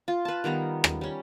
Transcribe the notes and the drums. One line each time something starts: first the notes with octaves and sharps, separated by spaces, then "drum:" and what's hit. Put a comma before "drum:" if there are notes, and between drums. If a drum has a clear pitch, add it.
F4
B4 A5
D#3 G3 B3 A#5
drum: rim click
G3 C#4